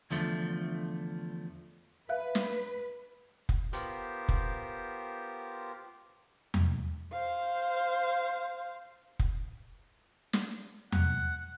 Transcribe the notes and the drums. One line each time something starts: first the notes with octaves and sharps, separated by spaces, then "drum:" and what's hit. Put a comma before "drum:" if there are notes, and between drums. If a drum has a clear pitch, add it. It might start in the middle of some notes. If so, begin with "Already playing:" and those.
E2 D3 F3 A3, drum: hi-hat
B4 E5 F5 F#6
drum: snare
drum: kick F1
B3 F4 G4 A#4 C5, drum: hi-hat
drum: kick F1
drum: tom E2
C5 F5
drum: kick F1
drum: snare
F#5, drum: tom E2